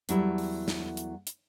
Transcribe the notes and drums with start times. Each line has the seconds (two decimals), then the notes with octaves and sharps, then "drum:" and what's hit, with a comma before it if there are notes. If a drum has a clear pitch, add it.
0.09 E2 F#3 G3 A3 E4 A4, drum: hi-hat
0.38 drum: open hi-hat
0.68 drum: snare
0.97 drum: hi-hat
1.27 drum: hi-hat